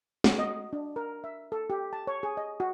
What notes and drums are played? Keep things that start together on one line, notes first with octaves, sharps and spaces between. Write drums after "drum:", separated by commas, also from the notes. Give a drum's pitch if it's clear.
F#4, drum: snare
D#5
D4
A#4
E5
A4
G4
A5
C#5
G#4
D#5
F#4